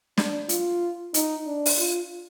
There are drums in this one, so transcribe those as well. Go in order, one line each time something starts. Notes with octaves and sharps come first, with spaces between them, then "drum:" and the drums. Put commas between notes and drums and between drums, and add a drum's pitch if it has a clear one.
D4, drum: snare
F4, drum: hi-hat
D#4, drum: hi-hat
D4
drum: open hi-hat
F4